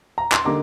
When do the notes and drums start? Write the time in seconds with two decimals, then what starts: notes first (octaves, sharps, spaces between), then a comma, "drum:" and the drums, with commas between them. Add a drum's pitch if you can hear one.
0.18 A#5
0.32 C6, drum: clap
0.45 D3 G3 A#3 D#4 A#5 D6